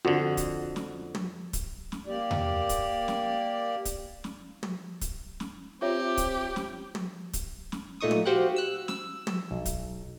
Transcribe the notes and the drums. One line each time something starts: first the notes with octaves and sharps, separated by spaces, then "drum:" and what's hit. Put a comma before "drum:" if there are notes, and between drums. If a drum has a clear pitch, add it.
F2 D3 F#4
drum: kick, hi-hat
drum: snare
drum: tom
drum: kick, hi-hat
drum: snare
A#3 G4 D5
drum: tom E2
drum: kick, hi-hat
drum: snare
drum: kick, hi-hat
drum: snare
drum: tom
drum: kick, hi-hat
drum: snare
C4 F4 G4 C#5 E5
drum: kick, hi-hat
drum: snare
drum: tom
drum: kick, hi-hat
drum: snare
A#2 A3 D#4 C#6 D#6
drum: tom
F#4 G4 C5 F5 G5 F#6
E6 F#6
E6, drum: snare
drum: tom
B1
drum: kick, hi-hat